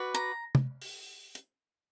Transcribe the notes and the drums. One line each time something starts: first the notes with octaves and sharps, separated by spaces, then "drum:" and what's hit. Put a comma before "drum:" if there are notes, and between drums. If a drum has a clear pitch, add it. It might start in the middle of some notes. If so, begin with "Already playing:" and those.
Already playing: F#4 B4 D5
A#5
drum: tom
drum: open hi-hat
drum: hi-hat